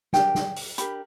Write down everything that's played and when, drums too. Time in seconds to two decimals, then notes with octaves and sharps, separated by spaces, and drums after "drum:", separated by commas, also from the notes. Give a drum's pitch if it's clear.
0.13 D4 G4 A#4 G5, drum: snare
0.35 drum: snare
0.56 drum: open hi-hat
0.78 D4 G4 A#4 B5, drum: hi-hat